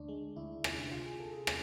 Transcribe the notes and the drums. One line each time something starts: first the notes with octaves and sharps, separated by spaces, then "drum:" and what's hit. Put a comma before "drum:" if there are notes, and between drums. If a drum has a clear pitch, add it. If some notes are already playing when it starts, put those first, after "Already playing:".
Already playing: D2 D4
G#3
D2 E4
C3, drum: rim click
D2 F4
G#4
C3 A4
G#4
C3 F4, drum: rim click